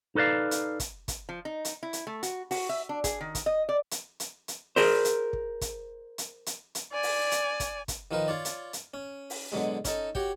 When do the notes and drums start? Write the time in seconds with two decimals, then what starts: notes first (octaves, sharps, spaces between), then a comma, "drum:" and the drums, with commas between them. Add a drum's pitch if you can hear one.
0.15 D#4 A4 B4 D5 F5
0.51 drum: hi-hat
0.80 drum: kick, hi-hat
1.08 drum: kick, hi-hat
1.29 F3
1.45 D#4
1.65 drum: hi-hat
1.83 E4
1.93 drum: hi-hat
2.07 A3
2.23 F#4, drum: hi-hat
2.51 F#4, drum: open hi-hat
2.69 E5
2.89 D4
3.04 G#4, drum: kick, hi-hat
3.21 D#3
3.35 drum: kick, hi-hat
3.46 D#5
3.69 D5
3.91 drum: hi-hat
4.20 drum: hi-hat
4.48 drum: hi-hat
4.76 G#4 A#4 C5, drum: open hi-hat
5.05 drum: hi-hat
5.33 drum: kick
5.61 drum: kick, hi-hat
6.18 drum: hi-hat
6.46 drum: hi-hat
6.75 drum: hi-hat
6.92 D5 G#5
7.03 drum: open hi-hat
7.31 drum: hi-hat
7.60 drum: kick, hi-hat
7.88 drum: kick, hi-hat
8.11 D#3 F3 D#4 A#4 B4
8.28 F4 C#5 D5
8.45 drum: hi-hat
8.73 drum: hi-hat
8.94 C#4
9.30 drum: open hi-hat
9.52 B2 D3 F#3 G#3
9.85 C#4 D#4 A4, drum: kick, hi-hat
10.15 F#4 G4 C#5 G5, drum: kick